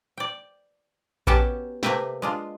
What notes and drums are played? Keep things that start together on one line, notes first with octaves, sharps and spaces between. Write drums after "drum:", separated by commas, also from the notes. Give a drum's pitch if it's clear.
D5 G5
B3 C#4 F#4 G4 G5 A5, drum: kick A#1
C3 A3 A#3 B4 E5 G5, drum: snare
G#3 D4 F4